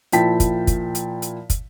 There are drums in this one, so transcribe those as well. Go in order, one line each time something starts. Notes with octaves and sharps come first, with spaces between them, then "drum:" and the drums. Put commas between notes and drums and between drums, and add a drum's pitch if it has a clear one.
A#2 F3 E4 G5 A5 B6, drum: hi-hat
drum: kick, hi-hat
drum: kick, hi-hat
drum: hi-hat
drum: hi-hat
drum: kick, hi-hat